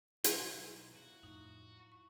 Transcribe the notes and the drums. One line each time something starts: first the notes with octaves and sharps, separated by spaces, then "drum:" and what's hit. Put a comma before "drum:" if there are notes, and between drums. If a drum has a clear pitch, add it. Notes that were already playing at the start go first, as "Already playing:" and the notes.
B1 F#3 E4 F4 B4 G#5 E6, drum: hi-hat
F#4
F2 A2 F3 D#4
C#6